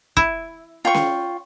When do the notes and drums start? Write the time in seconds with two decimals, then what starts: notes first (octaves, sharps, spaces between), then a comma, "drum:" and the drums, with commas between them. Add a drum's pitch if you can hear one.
0.17 E4, drum: kick
0.85 F4 G5 C#6
0.94 drum: snare C#4